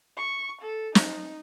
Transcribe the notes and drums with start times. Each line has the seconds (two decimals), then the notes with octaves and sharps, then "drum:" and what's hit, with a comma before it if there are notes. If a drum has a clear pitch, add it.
0.17 C#6
0.61 A4
0.95 D#4, drum: snare